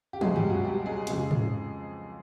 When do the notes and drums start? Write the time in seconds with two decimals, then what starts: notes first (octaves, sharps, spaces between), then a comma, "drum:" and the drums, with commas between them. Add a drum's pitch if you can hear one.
0.13 G4
0.21 C#2 B2 F#3 G#3 A3 G#4, drum: tom
0.36 G3 G4, drum: tom
0.50 F#3 F#4
0.64 G3 G4
0.86 G#3 G#4
1.07 F2 C#3 F3 G#3 G#4, drum: hi-hat
1.31 drum: tom